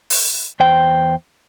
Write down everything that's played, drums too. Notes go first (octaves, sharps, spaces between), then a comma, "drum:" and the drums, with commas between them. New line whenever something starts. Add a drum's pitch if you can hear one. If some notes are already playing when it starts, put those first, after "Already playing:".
drum: open hi-hat
E2 C5 G5